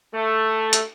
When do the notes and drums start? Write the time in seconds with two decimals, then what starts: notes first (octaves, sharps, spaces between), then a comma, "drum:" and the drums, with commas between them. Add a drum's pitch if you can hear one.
0.13 A3
0.73 drum: hi-hat